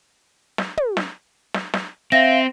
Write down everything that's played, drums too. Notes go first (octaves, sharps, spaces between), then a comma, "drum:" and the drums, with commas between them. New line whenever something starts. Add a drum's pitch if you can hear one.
drum: snare
drum: tom
drum: snare
drum: snare
drum: snare
C4 E5 F5 A#6